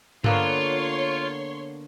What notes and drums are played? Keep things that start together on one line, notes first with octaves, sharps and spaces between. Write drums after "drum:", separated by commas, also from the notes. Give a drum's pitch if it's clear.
D3 A#3 B3 F4 C#5 C6, drum: tom G2